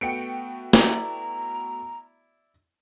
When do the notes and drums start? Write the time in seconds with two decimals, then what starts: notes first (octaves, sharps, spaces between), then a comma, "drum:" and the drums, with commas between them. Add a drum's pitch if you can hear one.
0.01 A3 B3 F#4 G5 C#7 D7
0.73 E4 D5 A#5, drum: snare